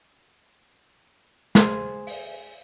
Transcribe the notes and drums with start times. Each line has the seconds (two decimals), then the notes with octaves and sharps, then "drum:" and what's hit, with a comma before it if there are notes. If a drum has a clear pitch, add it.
1.55 G#4 C5, drum: snare
2.07 drum: open hi-hat